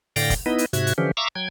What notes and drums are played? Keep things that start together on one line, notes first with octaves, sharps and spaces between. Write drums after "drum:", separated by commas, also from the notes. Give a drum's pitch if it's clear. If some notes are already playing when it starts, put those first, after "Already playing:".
A2 D3 D5 F5 G5 A#6, drum: open hi-hat
drum: kick, hi-hat
B3 D#4 E4 B4 D#5
drum: hi-hat
G#2 C3 F#4 E5 F#6 G#6, drum: hi-hat
drum: hi-hat
D3 E3 F3 C#4 G4
E5 F5 A#5 C#6 D6 E6
F#3 G5 G#6